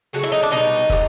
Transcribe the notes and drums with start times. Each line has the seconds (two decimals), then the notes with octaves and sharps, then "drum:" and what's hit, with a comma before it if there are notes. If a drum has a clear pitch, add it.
0.13 C#3 F#3 A3 F#4
0.23 E4
0.32 D#4, drum: hi-hat
0.43 D4
0.51 B2 G3 D#4
0.90 D3 G3, drum: kick